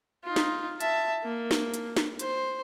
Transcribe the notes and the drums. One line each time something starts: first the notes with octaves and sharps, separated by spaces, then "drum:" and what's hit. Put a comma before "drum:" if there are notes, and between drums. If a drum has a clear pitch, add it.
D#4 F4
drum: snare
E5 A5, drum: hi-hat
A#3
drum: snare
drum: hi-hat
drum: snare
C5, drum: hi-hat